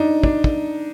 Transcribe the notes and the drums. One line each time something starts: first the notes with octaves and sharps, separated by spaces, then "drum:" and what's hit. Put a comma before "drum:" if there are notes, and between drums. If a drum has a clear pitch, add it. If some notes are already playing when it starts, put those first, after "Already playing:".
Already playing: D4 D#4
D4, drum: kick
drum: kick